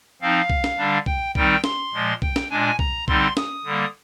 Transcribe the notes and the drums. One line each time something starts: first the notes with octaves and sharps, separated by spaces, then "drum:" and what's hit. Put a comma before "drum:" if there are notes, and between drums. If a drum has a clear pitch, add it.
F3 C4 D#4 F5
drum: kick
drum: snare
D3 G3 D4
G5, drum: kick
D#3 G3 C4 D#4 G5, drum: kick
C6, drum: snare
A#2 F3 G#3
G5, drum: kick
drum: snare
A#2 G#3 D4 G#5
A#5, drum: kick
D3 G3 C4 D#4 C6, drum: kick
D#6, drum: snare
D3 G3 A#3